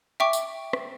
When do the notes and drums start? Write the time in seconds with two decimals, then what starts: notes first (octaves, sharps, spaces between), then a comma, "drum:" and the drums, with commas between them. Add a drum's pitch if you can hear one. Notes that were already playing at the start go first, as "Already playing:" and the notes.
0.20 E5 G5 C#6 D6
0.33 drum: tambourine
0.73 drum: rim click